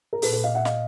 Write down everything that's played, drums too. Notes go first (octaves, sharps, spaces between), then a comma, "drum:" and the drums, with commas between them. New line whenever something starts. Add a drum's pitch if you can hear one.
A#4
A#2 A4 B4, drum: open hi-hat
A4 B4
D#5 F5
E5 F#5
D#5 F5, drum: snare